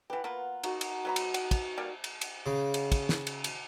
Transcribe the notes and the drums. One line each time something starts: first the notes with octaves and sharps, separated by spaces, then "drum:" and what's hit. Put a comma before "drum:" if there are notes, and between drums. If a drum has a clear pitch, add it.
E3 G4 B4 F#5
A#3 B3 F4 A#5
D#4 F#4 A#4, drum: cymbal
drum: cymbal
F#3 B3 D#5 A#5
drum: cymbal
F#5, drum: cymbal
drum: kick, cymbal
G3 A#3 D5
drum: cymbal
drum: cymbal
C#3
drum: cymbal
drum: kick, cymbal
drum: snare
drum: cymbal
drum: cymbal